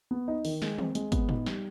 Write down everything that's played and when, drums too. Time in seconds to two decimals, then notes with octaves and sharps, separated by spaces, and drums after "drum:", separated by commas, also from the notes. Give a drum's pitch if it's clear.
0.11 B3
0.28 D#4
0.45 D#3, drum: open hi-hat
0.62 G#3, drum: snare
0.78 C4, drum: tom D#3
0.95 G#3, drum: hi-hat
1.12 B3, drum: kick, hi-hat
1.29 D#4, drum: tom A2
1.46 G3, drum: snare